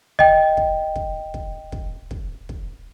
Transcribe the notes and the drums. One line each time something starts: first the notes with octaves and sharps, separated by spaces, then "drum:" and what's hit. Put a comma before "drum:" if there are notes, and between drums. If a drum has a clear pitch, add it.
D#5 G5, drum: kick
drum: kick
drum: kick
drum: kick
drum: kick
drum: kick
drum: kick